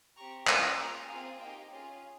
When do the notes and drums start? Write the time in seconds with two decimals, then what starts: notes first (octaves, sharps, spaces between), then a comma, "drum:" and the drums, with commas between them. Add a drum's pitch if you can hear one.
0.17 C4 G4 A#5 C#6
0.47 C#4 F4 G#4 G#5 C6, drum: clap
0.78 A#3 F4 G#4 G5 A#5
1.09 C4 F4 G#4 F5 G#5
1.39 A#3 D#4 G4 D#5 G5
1.70 C#4 F4 G#4